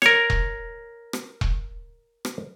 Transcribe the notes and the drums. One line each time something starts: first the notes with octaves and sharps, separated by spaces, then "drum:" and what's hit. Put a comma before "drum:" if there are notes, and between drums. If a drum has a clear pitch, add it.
A#4 C#5, drum: rim click
drum: kick E1
drum: rim click
drum: kick E1
drum: rim click